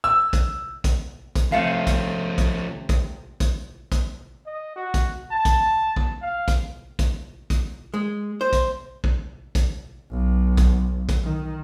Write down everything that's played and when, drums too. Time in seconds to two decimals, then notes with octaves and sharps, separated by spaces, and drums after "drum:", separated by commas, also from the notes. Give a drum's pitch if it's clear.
0.04 E6
0.33 drum: kick, hi-hat
0.84 drum: kick, hi-hat
1.35 drum: kick, hi-hat
1.52 C3 F3 A3 C#4 F5
1.87 drum: kick, hi-hat
2.38 drum: kick, hi-hat
2.89 drum: kick, hi-hat
3.40 drum: kick, hi-hat
3.92 drum: kick, hi-hat
4.46 D#5
4.76 F#4
4.94 drum: kick, hi-hat
5.31 A5
5.45 drum: kick, hi-hat
5.96 drum: kick
6.22 F5
6.48 drum: kick, hi-hat
6.99 drum: kick, hi-hat
7.50 drum: kick, hi-hat
7.94 G#3
8.41 C5
8.53 drum: kick, hi-hat
9.04 drum: kick
9.55 drum: kick, hi-hat
10.11 B1
10.57 drum: kick, hi-hat
11.09 drum: kick, hi-hat
11.23 D#3